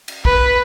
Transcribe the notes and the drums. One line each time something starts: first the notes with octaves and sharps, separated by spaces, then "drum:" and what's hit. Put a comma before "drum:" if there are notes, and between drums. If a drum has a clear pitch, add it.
drum: cymbal
B4, drum: kick